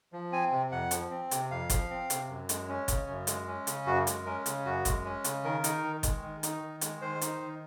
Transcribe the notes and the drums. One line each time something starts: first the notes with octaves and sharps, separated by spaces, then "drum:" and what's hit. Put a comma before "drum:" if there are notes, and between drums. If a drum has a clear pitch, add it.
F3
C4 G#5
C3
F2 F#5
F3, drum: hi-hat
C4
C3, drum: hi-hat
F2 F5
F3, drum: kick G1, hi-hat
C4
C3, drum: hi-hat
F#2
G#3, drum: hi-hat
C#4
C#3, drum: kick G1, hi-hat
F#2
G#3, drum: hi-hat
C#4
C#3, drum: hi-hat
F#2 F#4
G#3, drum: hi-hat
C#4 A#4
C#3, drum: hi-hat
F#2 F#4
G#3, drum: kick G1, hi-hat
C#4
C#3, drum: hi-hat
D#3 A#4
D#4, drum: hi-hat
D#3
G#3, drum: kick G1, hi-hat
D#3
D#4, drum: hi-hat
D#3
G#3, drum: hi-hat
D#3 C5
D#4, drum: hi-hat
D#3